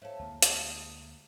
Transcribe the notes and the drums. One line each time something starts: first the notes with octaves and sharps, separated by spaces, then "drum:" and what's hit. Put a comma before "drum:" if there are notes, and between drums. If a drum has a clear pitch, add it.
E4 A4 C5 C#5 F5
D2 G#3 A#3 A5
D#6, drum: hi-hat